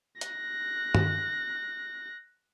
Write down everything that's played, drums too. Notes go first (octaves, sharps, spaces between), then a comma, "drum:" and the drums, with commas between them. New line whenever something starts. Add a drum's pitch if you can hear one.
F#6 A#6, drum: hi-hat
drum: tom